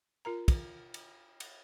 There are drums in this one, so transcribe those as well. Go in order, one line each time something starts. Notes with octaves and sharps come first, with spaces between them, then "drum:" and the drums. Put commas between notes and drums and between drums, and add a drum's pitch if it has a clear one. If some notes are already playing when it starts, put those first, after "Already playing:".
F4 A#4 A#5
drum: kick, cymbal
drum: cymbal
drum: cymbal